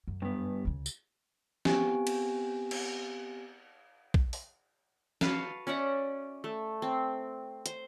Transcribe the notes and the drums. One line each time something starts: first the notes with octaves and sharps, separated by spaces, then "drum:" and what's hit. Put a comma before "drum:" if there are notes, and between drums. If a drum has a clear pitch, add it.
F#2
G2 B3
C#2 C#3
drum: tambourine
B3 C4 G4 G#5, drum: snare
drum: cymbal
drum: cymbal
drum: kick
drum: open hi-hat
F#4 B4 F5 A5, drum: snare
C#4 D5 E5 F#5
A3
C4
C5, drum: hi-hat